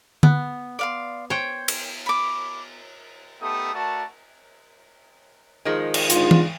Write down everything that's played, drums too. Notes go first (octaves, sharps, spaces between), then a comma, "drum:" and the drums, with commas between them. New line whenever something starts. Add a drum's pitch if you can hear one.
B3, drum: tom D3
D5 F5 C6
C5 C#5 G5
drum: cymbal
B5 D6
A3 B3 D#4 G4 A4 D#6
A3 F#4 A#4 D5 A5
D#3 F3 G#3
drum: cymbal
G#2 D3 F4, drum: hi-hat
drum: tom E3